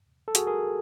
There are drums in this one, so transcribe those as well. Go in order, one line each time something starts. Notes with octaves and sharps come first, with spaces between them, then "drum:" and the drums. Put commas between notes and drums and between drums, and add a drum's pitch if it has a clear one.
A4
F#4 G#4, drum: hi-hat
G#4 A#4